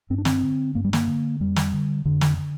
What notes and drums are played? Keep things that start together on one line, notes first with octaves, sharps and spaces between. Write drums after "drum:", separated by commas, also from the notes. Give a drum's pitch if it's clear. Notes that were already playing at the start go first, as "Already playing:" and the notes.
G2 C4
D4
C4, drum: snare
D3
G2 A#3
G3
A#3, drum: snare
D3
F2 G3
drum: snare
D3
F2 D3
drum: snare
D3